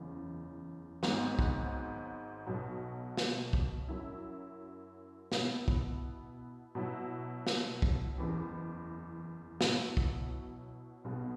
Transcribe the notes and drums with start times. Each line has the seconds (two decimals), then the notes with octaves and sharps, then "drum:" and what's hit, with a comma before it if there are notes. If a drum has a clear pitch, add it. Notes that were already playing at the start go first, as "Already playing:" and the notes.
Already playing: F#1 E2 C#3
1.03 G#1 G#2 F#3 B3, drum: snare
1.39 drum: kick
2.46 B1 B2 F#3
3.17 drum: snare
3.53 drum: kick
3.89 F#2 F#3 E4
5.32 B2 B3 E4, drum: snare
5.68 drum: kick
6.75 B2 F#3 E4
7.47 drum: snare
7.82 drum: kick
8.18 F#1 E2 E3
9.61 B2 F#3 B3 E4, drum: snare
9.97 drum: kick
11.04 B1 B2 B3